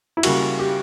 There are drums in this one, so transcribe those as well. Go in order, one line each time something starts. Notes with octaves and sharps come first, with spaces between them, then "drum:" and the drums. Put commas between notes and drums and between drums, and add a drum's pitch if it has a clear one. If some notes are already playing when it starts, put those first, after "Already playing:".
E4
C#3 G3 A#3 F#4, drum: cymbal
G4